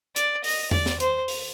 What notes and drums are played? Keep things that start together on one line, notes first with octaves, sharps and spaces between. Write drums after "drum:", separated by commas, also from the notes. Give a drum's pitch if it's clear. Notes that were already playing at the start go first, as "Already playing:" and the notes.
D5, drum: hi-hat
D#5, drum: open hi-hat
D5, drum: tom E2
drum: snare
C5, drum: hi-hat
drum: open hi-hat